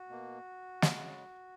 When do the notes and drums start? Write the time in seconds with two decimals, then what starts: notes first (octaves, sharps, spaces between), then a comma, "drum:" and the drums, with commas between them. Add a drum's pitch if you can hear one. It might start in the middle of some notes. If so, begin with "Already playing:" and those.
Already playing: F#4
0.09 B2 A#3
0.82 drum: snare
0.94 C#3 G#3